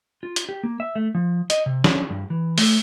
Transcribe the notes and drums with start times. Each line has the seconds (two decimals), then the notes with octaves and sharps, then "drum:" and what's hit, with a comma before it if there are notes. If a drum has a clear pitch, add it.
0.23 F4
0.36 drum: hi-hat
0.49 G4
0.63 A#3
0.80 E5
0.96 A3
1.15 F3
1.50 D#5, drum: hi-hat
1.66 C3
1.84 C#4, drum: snare
2.10 G2
2.30 E3
2.58 A3, drum: open hi-hat